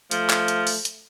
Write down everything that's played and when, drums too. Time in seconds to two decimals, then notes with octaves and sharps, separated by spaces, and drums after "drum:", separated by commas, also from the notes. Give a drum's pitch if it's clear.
0.11 F3 A3, drum: hi-hat
0.30 drum: clap
0.48 drum: hi-hat
0.67 drum: open hi-hat
0.85 drum: hi-hat